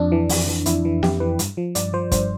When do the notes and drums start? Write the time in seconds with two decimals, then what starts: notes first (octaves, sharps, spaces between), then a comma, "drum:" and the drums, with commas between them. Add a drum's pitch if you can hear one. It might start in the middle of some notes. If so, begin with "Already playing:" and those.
Already playing: F2 D4
0.12 E3
0.29 F2, drum: open hi-hat
0.48 E3
0.66 F2 E4, drum: hi-hat
0.85 E3
1.03 F2 G4, drum: snare
1.20 E3 B4
1.39 G2, drum: hi-hat
1.57 F3
1.75 G2 D5, drum: hi-hat
1.93 F3 C5
2.12 G2 C5, drum: kick, hi-hat